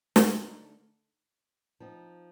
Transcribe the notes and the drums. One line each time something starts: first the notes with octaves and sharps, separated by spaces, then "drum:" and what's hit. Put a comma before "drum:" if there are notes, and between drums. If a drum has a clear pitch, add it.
D3 A3 D#4 A#4, drum: snare
F3 C4 D#4